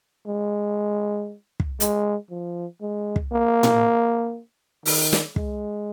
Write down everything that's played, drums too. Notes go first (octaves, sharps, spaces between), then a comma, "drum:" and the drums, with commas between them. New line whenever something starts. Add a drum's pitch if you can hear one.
G#3
drum: kick
G#3, drum: hi-hat
F3
G#3
drum: kick
A#3
drum: tom A2
D#3, drum: open hi-hat
drum: snare
G#3, drum: kick